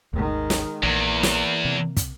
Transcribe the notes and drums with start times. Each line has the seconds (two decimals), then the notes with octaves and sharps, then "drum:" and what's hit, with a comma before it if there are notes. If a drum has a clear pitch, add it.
0.13 G#1 D#2 D#3 G#3
0.50 drum: snare
0.83 A#1 E2 A#3
1.23 drum: snare
1.65 C3
1.97 drum: kick, hi-hat